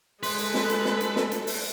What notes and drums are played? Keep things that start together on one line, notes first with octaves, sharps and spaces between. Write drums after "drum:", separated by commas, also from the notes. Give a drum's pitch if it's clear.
G#3 A4 B4 C6, drum: open hi-hat
drum: hi-hat
drum: snare
drum: hi-hat
drum: snare
drum: hi-hat
drum: snare
drum: hi-hat
drum: open hi-hat